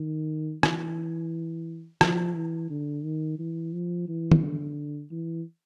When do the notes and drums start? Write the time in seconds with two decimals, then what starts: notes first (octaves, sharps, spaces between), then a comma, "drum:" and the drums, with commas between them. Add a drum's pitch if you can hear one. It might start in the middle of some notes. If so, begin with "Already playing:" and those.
Already playing: D#3
0.63 E3, drum: rim click
2.01 F3, drum: rim click
2.35 E3
2.70 D3
3.04 D#3
3.39 E3
3.73 F3
4.08 E3
4.31 drum: tom
4.42 D3
5.11 E3